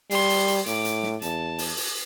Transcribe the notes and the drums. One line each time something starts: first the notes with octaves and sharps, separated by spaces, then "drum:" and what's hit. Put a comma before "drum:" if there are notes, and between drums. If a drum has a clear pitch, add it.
G3 C6, drum: open hi-hat
drum: open hi-hat
drum: hi-hat
A2 D6, drum: hi-hat
drum: hi-hat
drum: snare
E2 A5, drum: hi-hat
drum: open hi-hat
drum: open hi-hat